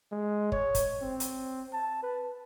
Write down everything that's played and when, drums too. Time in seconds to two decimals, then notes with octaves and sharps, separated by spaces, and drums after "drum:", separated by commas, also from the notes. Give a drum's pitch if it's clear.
0.11 G#3
0.52 C#5, drum: kick
0.75 drum: kick, hi-hat
1.02 C4
1.20 drum: hi-hat
1.73 A5
2.03 B4